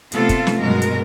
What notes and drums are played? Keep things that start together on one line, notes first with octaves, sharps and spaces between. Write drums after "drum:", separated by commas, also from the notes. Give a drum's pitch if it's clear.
C3 A3 B3 F4 A4 F5, drum: hi-hat
drum: kick, hi-hat
drum: snare
G2 B2 F#3 G#3 A#4
drum: hi-hat